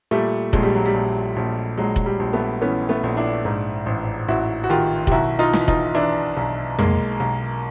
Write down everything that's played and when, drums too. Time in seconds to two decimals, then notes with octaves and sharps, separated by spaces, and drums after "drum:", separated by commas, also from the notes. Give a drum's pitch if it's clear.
0.11 A#2 G3 A3
0.53 A#1 G#3, drum: kick F1
0.63 G3
0.75 F#3
0.86 G3
0.94 A#1
1.36 A#1
1.77 A#1 F#3 G#3
1.96 drum: kick F1
2.06 G3
2.20 A#1
2.33 A3 B3
2.62 E3 B3 C#4
2.89 A3 B3
3.03 A#1
3.17 D4 E4
3.45 G#2
3.86 A1
4.28 A1 E4 F#4
4.64 F#4
4.70 D#3 F4 G4
5.07 G4, drum: kick F1
5.11 B1 E4 F#4
5.39 D#4 F4
5.53 E3, drum: snare
5.68 D#4 F4, drum: kick F1
5.94 E3 D4 E4
6.37 B1
6.79 B1 G#3 A#3, drum: tom F2
7.20 B1